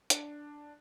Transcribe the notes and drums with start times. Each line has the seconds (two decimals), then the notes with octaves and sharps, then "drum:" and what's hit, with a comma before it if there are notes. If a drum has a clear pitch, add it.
0.10 D4, drum: hi-hat